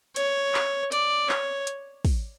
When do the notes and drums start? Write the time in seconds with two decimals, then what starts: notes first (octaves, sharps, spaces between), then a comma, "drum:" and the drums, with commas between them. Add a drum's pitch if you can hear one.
0.16 C#5, drum: hi-hat
0.54 drum: clap
0.92 D5, drum: hi-hat
1.29 C#5, drum: clap
1.67 drum: hi-hat
2.05 drum: kick, open hi-hat